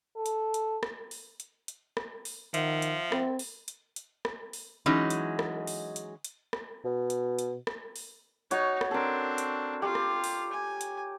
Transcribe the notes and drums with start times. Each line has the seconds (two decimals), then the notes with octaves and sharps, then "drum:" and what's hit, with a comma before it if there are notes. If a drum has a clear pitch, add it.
0.16 A4
0.26 drum: hi-hat
0.54 drum: hi-hat
0.83 drum: rim click
1.11 drum: open hi-hat
1.40 drum: hi-hat
1.68 drum: hi-hat
1.97 drum: rim click
2.25 drum: open hi-hat
2.54 D#3 F3 E5 F#5, drum: hi-hat
2.82 drum: hi-hat
3.12 C4, drum: rim click
3.39 drum: open hi-hat
3.68 drum: hi-hat
3.96 drum: hi-hat
4.25 drum: rim click
4.53 drum: open hi-hat
4.86 E3 F#3 G#3 C#4 D#4
5.10 drum: hi-hat
5.39 drum: rim click
5.67 drum: open hi-hat
5.96 drum: hi-hat
6.24 drum: hi-hat
6.53 drum: rim click
6.85 B2
7.10 drum: hi-hat
7.39 drum: hi-hat
7.67 drum: rim click
7.96 drum: open hi-hat
8.51 D#4 F#4 C#5, drum: hi-hat
8.81 drum: rim click
8.91 C4 D4 A4 A#4
9.38 drum: hi-hat
9.82 F4 G4
9.95 drum: rim click
10.24 drum: open hi-hat
10.52 G#5
10.81 drum: hi-hat